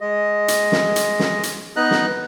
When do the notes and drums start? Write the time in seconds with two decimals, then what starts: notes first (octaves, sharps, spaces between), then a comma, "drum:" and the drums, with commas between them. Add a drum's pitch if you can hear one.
0.01 G#3 D#5
0.48 drum: hi-hat
0.72 drum: snare
0.96 drum: hi-hat
1.20 drum: snare
1.43 drum: hi-hat
1.76 B3 D#4 D#5 A#5 F#6
1.91 drum: snare